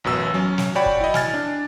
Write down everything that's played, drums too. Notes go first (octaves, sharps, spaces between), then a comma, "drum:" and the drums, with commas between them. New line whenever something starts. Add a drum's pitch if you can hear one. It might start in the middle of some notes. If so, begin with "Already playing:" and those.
A1 F#2 B2 E6
F#3 C#4
drum: snare
F#4 C#5 D5 G5 B5
drum: kick
E4 D#5
G#5 F6 A6, drum: snare
D4